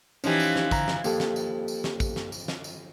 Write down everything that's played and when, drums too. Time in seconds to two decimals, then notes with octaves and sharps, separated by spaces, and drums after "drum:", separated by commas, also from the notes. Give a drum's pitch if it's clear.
0.24 E3 F3 C#4 D#4 G4, drum: tambourine
0.40 drum: tambourine
0.56 drum: snare
0.71 D3 A#5, drum: kick, tambourine
0.88 drum: snare
1.04 F2 A#3 G4 A4, drum: tambourine
1.20 drum: snare
1.36 drum: tambourine
1.68 drum: tambourine
1.84 drum: snare
2.00 drum: kick, tambourine
2.16 drum: snare
2.32 drum: tambourine
2.48 drum: snare
2.64 drum: tambourine